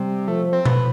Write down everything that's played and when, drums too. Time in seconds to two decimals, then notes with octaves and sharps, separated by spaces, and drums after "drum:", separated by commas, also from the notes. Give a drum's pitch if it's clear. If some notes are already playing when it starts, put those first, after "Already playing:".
Already playing: C3 G3
0.28 F3 A3
0.53 C4
0.65 B3, drum: tom B2